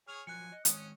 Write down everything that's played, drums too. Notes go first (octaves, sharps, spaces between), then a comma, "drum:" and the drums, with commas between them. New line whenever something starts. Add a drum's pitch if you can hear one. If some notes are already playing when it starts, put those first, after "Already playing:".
G#4 C#5 F6 F7
F3 F#3 A#4 G#5 F#6 C#7
D#5
D#3 G#3 C#4 D#5, drum: hi-hat